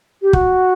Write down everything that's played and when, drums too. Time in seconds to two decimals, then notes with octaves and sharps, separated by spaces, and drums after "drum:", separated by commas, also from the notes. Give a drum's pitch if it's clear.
0.22 G4
0.33 F#4, drum: kick